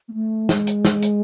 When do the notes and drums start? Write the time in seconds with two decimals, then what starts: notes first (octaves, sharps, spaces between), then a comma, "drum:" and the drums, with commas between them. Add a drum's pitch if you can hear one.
0.08 A#3
0.13 A3
0.49 G#3, drum: snare
0.67 drum: hi-hat
0.85 drum: snare
1.02 drum: hi-hat